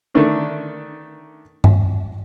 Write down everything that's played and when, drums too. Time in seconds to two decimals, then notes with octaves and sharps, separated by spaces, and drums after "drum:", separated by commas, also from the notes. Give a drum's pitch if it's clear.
0.14 D3 D#3 A3 D4 A#4
1.64 drum: tom G2